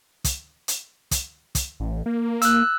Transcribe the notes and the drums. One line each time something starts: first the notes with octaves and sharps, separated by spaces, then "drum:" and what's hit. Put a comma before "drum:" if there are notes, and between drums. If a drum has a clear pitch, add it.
drum: kick, hi-hat
drum: hi-hat
drum: kick, hi-hat
drum: kick, hi-hat
A1
A#3
E6 F#6, drum: hi-hat